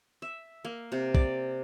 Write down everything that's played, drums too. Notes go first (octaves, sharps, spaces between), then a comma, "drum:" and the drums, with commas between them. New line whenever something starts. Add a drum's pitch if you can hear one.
E5
A#3
C3
D5, drum: kick